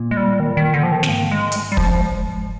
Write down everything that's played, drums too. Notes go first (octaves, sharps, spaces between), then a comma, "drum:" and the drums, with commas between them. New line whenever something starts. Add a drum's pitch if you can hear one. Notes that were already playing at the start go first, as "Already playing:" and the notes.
Already playing: A#2
G#3
G3
D#3
D#3
D3
F3
D#3
C4, drum: snare
G#2 A#3
G#3
drum: hi-hat
G3
F3, drum: kick